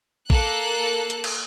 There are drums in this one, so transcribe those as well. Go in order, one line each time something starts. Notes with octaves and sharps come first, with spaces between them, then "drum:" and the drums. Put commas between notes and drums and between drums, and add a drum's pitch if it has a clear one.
A#3 A4 F#6, drum: kick A#1
drum: hi-hat
drum: cymbal